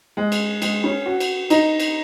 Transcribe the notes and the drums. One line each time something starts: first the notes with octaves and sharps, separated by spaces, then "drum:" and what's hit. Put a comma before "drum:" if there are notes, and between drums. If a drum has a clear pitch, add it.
G#3
drum: cymbal
G#3, drum: cymbal
C#4
F#4
drum: cymbal
D#4, drum: cymbal
drum: cymbal